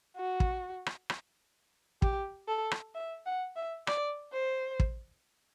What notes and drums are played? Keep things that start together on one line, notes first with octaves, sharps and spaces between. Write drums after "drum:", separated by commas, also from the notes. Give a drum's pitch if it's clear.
F#4
drum: kick
drum: rim click
drum: rim click
G4, drum: kick
A4
drum: rim click
E5
F#5
E5
D5, drum: rim click
C5
drum: kick